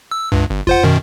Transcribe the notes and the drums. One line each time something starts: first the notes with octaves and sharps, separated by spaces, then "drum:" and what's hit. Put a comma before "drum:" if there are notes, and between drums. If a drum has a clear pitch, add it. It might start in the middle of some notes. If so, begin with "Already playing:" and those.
E6
C#2 G2
G1
F4 C5 F#5, drum: kick E2
F#2 B2 D#3